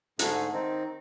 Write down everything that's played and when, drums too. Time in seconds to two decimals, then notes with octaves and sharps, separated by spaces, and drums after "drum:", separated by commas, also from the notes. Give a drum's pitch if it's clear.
0.19 G#2 D3 A3 G#4, drum: hi-hat
0.53 D#3 C4 D#4